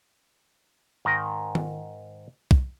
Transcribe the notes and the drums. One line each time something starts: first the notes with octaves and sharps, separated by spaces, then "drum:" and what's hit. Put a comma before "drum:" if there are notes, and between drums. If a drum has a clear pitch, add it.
G#2 D#3 A#4 D#5
drum: tom D#3
drum: kick